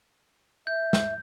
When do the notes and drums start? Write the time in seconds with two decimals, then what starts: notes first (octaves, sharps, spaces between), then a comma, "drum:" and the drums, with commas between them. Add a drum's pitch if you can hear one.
0.67 E5 G6
0.93 drum: snare